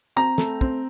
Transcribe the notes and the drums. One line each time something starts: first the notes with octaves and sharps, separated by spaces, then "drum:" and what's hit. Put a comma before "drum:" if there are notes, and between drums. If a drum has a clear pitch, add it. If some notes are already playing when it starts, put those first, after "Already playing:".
C4 A#5
A3, drum: snare
C4, drum: kick